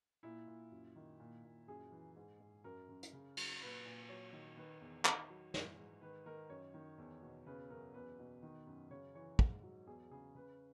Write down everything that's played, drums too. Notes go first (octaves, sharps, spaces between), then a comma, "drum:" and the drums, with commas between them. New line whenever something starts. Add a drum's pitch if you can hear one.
A#2 E4
A#2
F#2
D#3
A#2
A#2
F#2 G#4
E3
G#2
G#2
F#2 A#4
F#2
drum: hi-hat
C#3
F#3, drum: cymbal
A#2 B4
A#2
F#3 C#5
D#3
D#3 B4
E2
D#3, drum: clap
F#3
E3, drum: snare
G#2
D#3 B4
D#3 A#4
F#2 C#5
D#3
E2
B2
C#3 B4
F#2 A#4
E2 B4
B2
D#3
F#2
C#3 C#5
E3 C#5
G#2, drum: kick
F#3
E2 G#4
C#3 G#4
C#3 B4